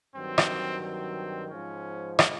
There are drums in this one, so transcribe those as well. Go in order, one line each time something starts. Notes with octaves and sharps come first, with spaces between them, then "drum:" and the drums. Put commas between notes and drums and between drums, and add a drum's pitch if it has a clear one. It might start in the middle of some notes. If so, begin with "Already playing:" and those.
G2 D#3 F#3 C4
drum: rim click
C4
G#2 F3 C#4
drum: rim click